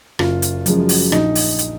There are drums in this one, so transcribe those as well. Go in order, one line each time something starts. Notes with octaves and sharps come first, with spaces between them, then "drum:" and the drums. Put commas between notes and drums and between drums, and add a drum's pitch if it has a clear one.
F#1 F4, drum: rim click
drum: hi-hat
F#2 F3 G#3, drum: hi-hat
drum: open hi-hat
A#1 D#4, drum: rim click
drum: open hi-hat
drum: hi-hat